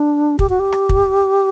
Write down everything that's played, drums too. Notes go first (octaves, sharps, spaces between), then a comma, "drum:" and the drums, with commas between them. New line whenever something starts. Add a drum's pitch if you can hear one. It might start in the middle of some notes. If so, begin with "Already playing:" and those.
Already playing: D4
G4, drum: kick
F#4
G4
drum: rim click
drum: kick